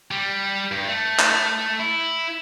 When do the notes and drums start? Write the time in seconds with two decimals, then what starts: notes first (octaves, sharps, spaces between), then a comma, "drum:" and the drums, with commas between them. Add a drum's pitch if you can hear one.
0.11 G3
0.71 G2
0.87 A3
1.19 drum: clap
1.80 E4